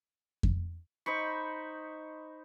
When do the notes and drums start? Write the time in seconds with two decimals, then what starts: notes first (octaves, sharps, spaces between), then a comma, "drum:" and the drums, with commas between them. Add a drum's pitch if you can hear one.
0.43 drum: kick F2
1.06 D#4 C5 B5 C#6